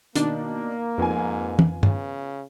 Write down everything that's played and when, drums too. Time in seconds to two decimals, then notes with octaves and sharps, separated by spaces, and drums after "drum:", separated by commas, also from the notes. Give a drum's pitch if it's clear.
0.16 B2 D#3 A#3 D4 D#4, drum: hi-hat
0.98 F2 G#2 B3 F4 G#5
1.59 drum: tom
1.83 C#3, drum: tom G2